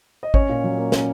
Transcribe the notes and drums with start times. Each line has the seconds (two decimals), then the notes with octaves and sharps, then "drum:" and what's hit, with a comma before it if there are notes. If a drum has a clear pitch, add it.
0.23 D#5
0.34 C#4 C#5, drum: kick G#1
0.49 A#2
0.64 F#3
0.78 A#3
0.92 C#4, drum: snare